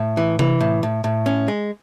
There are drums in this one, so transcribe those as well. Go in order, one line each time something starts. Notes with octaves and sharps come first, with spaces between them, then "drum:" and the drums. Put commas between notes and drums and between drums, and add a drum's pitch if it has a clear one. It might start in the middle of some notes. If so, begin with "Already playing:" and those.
Already playing: A2
E3
E3, drum: tom C3
A2
A2
A2
C#4
G#3